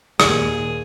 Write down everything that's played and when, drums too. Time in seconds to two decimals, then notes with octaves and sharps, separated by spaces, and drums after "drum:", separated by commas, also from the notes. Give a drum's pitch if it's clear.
0.20 D#2 A#2 G#4, drum: rim click